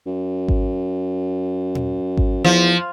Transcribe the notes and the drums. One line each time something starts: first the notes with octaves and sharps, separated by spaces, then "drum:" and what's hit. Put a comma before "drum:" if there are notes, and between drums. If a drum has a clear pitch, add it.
F#2
drum: kick G#1
drum: tom A#2
drum: kick G#1
E2 F3